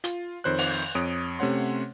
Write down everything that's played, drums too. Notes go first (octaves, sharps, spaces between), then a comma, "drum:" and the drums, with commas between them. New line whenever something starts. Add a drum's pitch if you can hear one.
F4, drum: hi-hat
F2 D#3 C5 C#5 F#6
drum: open hi-hat
F2 C#5 D#6 D7
C3 A3 C#4 C#5 F#5 C6